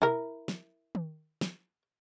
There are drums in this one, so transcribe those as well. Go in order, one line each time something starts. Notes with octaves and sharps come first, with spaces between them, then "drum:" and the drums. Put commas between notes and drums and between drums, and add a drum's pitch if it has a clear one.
E4 A#4, drum: tom B2
drum: snare
drum: tom D#3
drum: snare